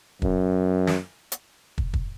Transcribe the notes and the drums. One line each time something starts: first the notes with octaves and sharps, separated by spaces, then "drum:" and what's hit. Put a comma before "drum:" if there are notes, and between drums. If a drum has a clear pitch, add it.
F#2, drum: kick
drum: snare
drum: hi-hat
drum: kick
drum: kick